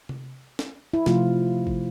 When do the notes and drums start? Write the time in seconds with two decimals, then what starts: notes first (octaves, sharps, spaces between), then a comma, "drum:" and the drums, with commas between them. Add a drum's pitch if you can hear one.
0.09 drum: tom C3
0.59 drum: snare
0.94 E4
1.06 C3 F3 A3 E4 F4, drum: snare
1.67 drum: kick G#1